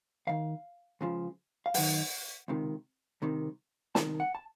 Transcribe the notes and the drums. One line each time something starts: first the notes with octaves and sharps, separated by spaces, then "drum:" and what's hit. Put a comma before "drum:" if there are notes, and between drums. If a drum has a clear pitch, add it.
D#2 D#3 F5
C#2 C#3 F3
F5
F#2 D#3 F#5, drum: open hi-hat
C#2 C3 D#3
C2 C3 D#3
C2 C3 D#3 A5, drum: snare
F#5
A5